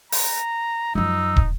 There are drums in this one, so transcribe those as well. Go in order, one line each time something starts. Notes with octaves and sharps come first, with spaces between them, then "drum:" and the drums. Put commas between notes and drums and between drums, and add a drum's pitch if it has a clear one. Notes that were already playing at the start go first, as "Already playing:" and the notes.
A#5, drum: open hi-hat
F#2 F3 D#4 E6
drum: kick